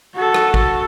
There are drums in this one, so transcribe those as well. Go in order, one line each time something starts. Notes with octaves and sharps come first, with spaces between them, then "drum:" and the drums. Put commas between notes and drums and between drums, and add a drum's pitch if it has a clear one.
F#4 A4
drum: rim click
drum: kick